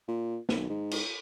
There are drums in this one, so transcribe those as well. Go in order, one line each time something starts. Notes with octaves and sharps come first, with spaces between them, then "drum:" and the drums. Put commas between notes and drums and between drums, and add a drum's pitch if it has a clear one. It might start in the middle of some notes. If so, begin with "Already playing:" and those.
A#2
B1, drum: snare
G#2
drum: cymbal